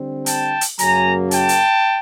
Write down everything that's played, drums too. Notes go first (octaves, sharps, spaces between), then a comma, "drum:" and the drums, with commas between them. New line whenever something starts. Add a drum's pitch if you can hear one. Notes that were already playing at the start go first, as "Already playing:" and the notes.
Already playing: D3 G3 C4
G5 A5, drum: hi-hat
drum: hi-hat
F#2 C#3 F#3 A#3 G#5 A#5, drum: hi-hat
G5 A5, drum: hi-hat
drum: hi-hat